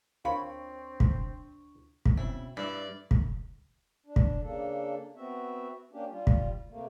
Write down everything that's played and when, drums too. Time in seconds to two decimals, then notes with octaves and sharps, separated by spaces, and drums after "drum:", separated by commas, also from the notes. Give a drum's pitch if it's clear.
0.25 D2 C4 D4 F4 A#4 C#5 B5 C#6
1.00 drum: kick
2.05 drum: kick
2.17 B2 C4 C#4 E4
2.57 G2 E4 D5 B5 E6
3.11 drum: kick
4.06 D4
4.16 drum: kick
4.42 C#3 A#3 D4 A4
5.16 B3 C4 F#4 E5
5.92 A#3 C#4 D4 G4
6.10 G3 F4
6.27 drum: kick
6.70 C3 A3 A#3